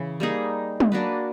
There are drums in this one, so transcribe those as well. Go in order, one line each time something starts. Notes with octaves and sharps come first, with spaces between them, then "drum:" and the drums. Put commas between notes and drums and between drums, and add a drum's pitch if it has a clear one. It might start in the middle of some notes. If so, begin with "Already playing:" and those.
Already playing: C#3 E3
G3 A#3 D#4 G#4
drum: tom
A#3 D4 F#4 B4